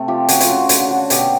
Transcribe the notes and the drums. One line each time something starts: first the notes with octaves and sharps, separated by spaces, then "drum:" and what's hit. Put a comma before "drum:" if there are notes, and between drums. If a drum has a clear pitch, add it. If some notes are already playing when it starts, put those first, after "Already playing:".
Already playing: C3 A3
F3 G4
C#3 F#4, drum: hi-hat
F4, drum: hi-hat
C#3 F#4
D3 F#4, drum: hi-hat
D3 F#4
B2 G4, drum: hi-hat